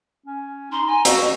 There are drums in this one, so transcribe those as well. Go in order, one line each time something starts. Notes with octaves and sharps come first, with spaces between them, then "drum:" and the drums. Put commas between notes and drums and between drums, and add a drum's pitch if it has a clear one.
C#4
D#4 C6
G#5 A#5
F#4 E6, drum: hi-hat